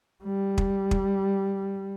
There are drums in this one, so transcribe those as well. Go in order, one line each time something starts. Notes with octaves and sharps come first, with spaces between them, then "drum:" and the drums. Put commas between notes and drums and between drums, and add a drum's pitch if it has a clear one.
G3
drum: kick
drum: kick